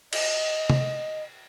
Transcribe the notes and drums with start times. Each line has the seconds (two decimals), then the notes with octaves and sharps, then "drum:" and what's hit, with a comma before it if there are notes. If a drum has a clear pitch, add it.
0.13 D#5, drum: cymbal
0.70 drum: tom